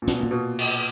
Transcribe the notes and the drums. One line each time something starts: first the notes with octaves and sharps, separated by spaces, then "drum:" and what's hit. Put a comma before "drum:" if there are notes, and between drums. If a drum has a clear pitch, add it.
A#2
B2 B3, drum: hi-hat
A#2 B3
B2
drum: cymbal